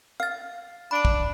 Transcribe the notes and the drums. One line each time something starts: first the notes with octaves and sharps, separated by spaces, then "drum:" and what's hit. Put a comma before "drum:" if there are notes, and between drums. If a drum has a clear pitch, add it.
F5 F6 A6
D4 B5 D7
drum: kick